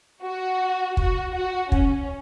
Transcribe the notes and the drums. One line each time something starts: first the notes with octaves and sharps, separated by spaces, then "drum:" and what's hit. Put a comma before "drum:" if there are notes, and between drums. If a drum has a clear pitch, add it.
F#4
F#4, drum: kick
F#4
C#4, drum: kick